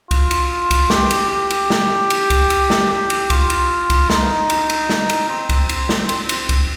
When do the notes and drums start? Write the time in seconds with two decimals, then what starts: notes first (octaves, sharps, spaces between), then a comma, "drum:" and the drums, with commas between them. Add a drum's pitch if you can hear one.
0.11 F4, drum: kick C2, cymbal
0.31 drum: cymbal
0.71 drum: kick C2, cymbal
0.90 G4, drum: snare
1.11 drum: cymbal
1.30 G4
1.50 drum: cymbal
1.70 drum: snare
2.10 drum: cymbal
2.30 drum: kick C2, cymbal
2.50 drum: cymbal
2.70 drum: snare
2.90 G4
3.10 drum: cymbal
3.30 F4, drum: kick C2, cymbal
3.50 drum: cymbal
3.90 drum: kick C2, cymbal
4.10 D#4, drum: snare
4.50 drum: cymbal
4.70 drum: cymbal
4.89 drum: snare
5.09 drum: cymbal
5.30 C4
5.49 drum: kick C2, cymbal
5.69 drum: cymbal
5.89 drum: snare
6.09 C4, drum: cymbal
6.29 drum: cymbal
6.49 drum: kick C2, cymbal